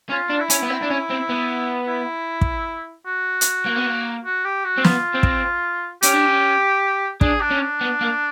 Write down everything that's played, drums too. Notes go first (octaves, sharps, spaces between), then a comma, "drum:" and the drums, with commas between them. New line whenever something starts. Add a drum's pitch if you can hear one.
C#4 F4
D4
E4
C#4, drum: hi-hat
B3
C4 E4
D4
C#4
C4
B3
E4
drum: kick
F#4
drum: hi-hat
A#3
B3
A#3
F#4
G4
F#4
C4
B3 F4, drum: snare
C4
drum: kick
C#4 G4, drum: hi-hat
D4
C#4
D4 G#4, drum: kick
D4
C#4
D4
B3
A#3